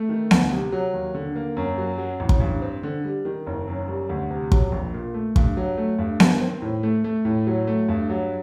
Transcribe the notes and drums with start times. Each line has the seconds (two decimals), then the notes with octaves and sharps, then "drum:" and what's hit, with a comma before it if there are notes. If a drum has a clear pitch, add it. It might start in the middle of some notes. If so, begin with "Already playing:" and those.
Already playing: A3
0.09 D#3
0.31 D2, drum: snare B3
0.52 C3
0.72 F#3
0.94 D#2
1.14 D3
1.36 A#3
1.57 F#2
1.78 F#3
1.98 F#3
2.20 A1
2.29 drum: kick
2.40 G2
2.62 C4
2.83 D3
3.05 G3
3.25 D#3
3.47 F#1
3.67 F#2
3.88 G3
4.09 D2
4.31 C3
4.52 F#3, drum: kick
4.72 A#1
4.94 A#2
5.14 A3
5.36 G2, drum: kick
5.57 F#3
5.77 A3
5.98 G2
6.20 D#3, drum: snare B3
6.41 C4
6.62 A2
6.83 A3
7.04 A3
7.25 A2
7.47 F#3
7.67 A3
7.89 G2
8.09 F#3